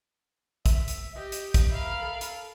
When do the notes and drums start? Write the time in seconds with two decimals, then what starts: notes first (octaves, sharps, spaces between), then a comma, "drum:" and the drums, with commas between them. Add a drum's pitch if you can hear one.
0.66 E5, drum: kick, hi-hat
0.88 drum: hi-hat
1.15 G4 D#5
1.32 drum: hi-hat
1.54 drum: kick, hi-hat
1.71 A#4 E5 F5 B5
2.02 A4
2.21 drum: hi-hat